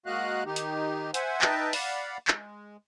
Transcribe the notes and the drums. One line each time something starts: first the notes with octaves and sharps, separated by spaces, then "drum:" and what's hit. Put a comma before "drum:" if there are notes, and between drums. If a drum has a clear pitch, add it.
G#3 A#3 F#4 D#5 F5 F#6
D#3 D#4 G4
drum: hi-hat
C5 E5 F#5 G#5, drum: hi-hat
D#4 B4 D#5 E5 G5 A5, drum: clap
D5 F5 F#5 B5, drum: open hi-hat
G#3, drum: clap